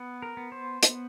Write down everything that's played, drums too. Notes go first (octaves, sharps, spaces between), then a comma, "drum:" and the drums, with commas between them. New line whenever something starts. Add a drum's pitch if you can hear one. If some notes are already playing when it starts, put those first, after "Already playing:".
Already playing: B3
A#4
B3
C5
B3, drum: hi-hat